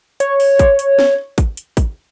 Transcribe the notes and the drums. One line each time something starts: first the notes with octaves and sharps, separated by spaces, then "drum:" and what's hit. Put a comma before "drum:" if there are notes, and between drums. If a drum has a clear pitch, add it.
C#5, drum: hi-hat
drum: open hi-hat
drum: kick, hi-hat
drum: hi-hat
drum: snare
drum: kick, hi-hat
drum: hi-hat
drum: kick, hi-hat